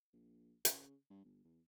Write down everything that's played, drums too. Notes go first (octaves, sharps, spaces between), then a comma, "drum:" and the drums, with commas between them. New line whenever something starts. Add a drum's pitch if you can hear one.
A#1
C#3, drum: hi-hat
G2
G1
E2